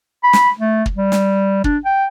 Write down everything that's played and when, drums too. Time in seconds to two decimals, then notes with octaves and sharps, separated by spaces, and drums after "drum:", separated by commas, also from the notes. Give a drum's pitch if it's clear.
0.23 B5
0.33 drum: snare
0.59 A3
0.86 drum: kick
0.96 G3
1.12 drum: snare
1.64 D4, drum: kick
1.85 G5